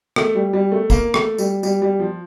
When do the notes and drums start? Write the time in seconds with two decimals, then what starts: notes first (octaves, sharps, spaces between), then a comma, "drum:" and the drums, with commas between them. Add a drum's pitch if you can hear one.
0.16 A3, drum: rim click
0.35 G3
0.53 G3
0.72 A3
0.90 A#3, drum: kick, tambourine
1.14 A3, drum: rim click
1.38 G3, drum: tambourine
1.63 G3, drum: tambourine
1.82 G3
2.00 F3